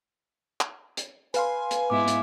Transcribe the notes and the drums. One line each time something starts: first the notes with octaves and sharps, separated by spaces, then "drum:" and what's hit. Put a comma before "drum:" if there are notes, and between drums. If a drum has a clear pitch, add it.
drum: clap
drum: hi-hat
B4 F5 G#5 C6, drum: hi-hat
drum: hi-hat
G#2 B3 E4 D6
drum: hi-hat